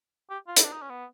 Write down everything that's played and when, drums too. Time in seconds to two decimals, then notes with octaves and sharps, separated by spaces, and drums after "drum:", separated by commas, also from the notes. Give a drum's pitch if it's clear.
0.30 G4
0.48 F4
0.56 E4, drum: hi-hat
0.65 D4
0.73 D#4
0.82 C#4
0.90 B3